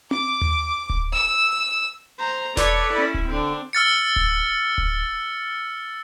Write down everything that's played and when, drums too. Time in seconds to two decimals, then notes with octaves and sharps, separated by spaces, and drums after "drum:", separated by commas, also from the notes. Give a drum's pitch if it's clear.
0.11 D6, drum: tom C4
0.41 drum: tom D#2
0.90 drum: kick D1
1.16 E6
2.19 C5 A#5
2.57 A4 B4 C#5 D5, drum: snare E1
2.93 C#4 E4
3.14 drum: kick D1
3.28 D3 C4 D4
3.73 E6 F6 A6 C#7
4.16 drum: kick D1
4.78 drum: kick D1